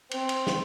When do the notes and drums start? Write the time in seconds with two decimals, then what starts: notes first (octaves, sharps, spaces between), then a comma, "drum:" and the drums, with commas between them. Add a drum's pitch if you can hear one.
0.11 C4, drum: cymbal
0.29 drum: cymbal
0.47 drum: snare